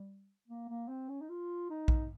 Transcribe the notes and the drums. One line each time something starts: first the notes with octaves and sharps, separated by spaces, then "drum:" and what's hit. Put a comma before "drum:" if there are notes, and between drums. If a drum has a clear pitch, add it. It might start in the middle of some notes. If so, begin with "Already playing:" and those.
Already playing: G3
A#3
A#3
C4
C#4
D#4
F4
D#4
drum: kick A#1